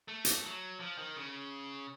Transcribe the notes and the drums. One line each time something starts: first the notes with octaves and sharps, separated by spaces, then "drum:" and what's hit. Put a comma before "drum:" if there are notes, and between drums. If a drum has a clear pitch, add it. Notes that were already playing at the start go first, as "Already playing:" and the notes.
A3
drum: hi-hat
F#3
F3
D#3
C#3